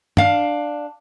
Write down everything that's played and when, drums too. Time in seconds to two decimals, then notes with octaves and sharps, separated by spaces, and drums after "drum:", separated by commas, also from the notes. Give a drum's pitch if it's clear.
0.17 D4 F5, drum: tom